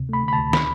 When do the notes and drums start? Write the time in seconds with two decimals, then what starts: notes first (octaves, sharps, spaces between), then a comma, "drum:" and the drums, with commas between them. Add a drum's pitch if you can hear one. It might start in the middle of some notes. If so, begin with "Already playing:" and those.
Already playing: D2 C3
0.09 A3 B5
0.23 D3
0.28 B5
0.33 A5
0.39 D2
0.53 B5, drum: snare